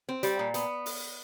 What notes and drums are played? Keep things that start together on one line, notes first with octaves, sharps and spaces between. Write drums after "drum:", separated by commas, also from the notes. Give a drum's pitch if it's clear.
C4
G3, drum: hi-hat
A#2
B3, drum: hi-hat
drum: open hi-hat